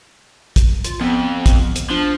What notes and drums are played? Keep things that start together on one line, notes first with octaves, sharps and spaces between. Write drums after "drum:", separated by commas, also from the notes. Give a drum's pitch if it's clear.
drum: kick, hi-hat
F4, drum: hi-hat
F2 B3
drum: kick, hi-hat
drum: hi-hat
F3 D4